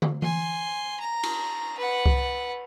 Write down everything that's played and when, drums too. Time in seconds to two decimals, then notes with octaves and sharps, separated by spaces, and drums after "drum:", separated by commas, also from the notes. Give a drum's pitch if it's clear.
0.02 drum: tom
0.22 G#5 C6, drum: tom E3
1.00 A#5
1.23 drum: cymbal
1.78 B4 F#5
2.06 drum: kick C2